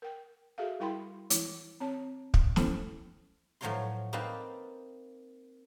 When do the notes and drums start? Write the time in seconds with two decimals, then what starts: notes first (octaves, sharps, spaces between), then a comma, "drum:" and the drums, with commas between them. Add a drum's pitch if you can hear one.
0.02 A#4 G5
0.58 F#4 G#4 A4 E5 F5
0.80 G3 E4 A#4 G5 B5 C6
1.30 E3 E4, drum: hi-hat
1.80 C4 C#5 A5
2.34 drum: kick
2.56 A3 C#4 E4 A4 C5, drum: snare
3.61 A2 F3 F#3 C#5 F5 C6
4.13 A#3 C4 D#4 B4 F5 A5